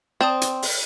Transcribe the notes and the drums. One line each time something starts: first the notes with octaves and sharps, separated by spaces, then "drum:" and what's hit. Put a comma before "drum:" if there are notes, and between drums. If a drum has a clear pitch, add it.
C4 D5 A5 D#6
drum: hi-hat
drum: open hi-hat